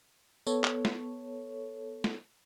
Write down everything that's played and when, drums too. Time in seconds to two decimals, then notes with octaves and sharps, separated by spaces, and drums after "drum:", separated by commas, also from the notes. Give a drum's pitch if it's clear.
0.47 B3 A4 C#5, drum: tambourine
0.64 drum: clap
0.85 drum: snare
2.04 drum: snare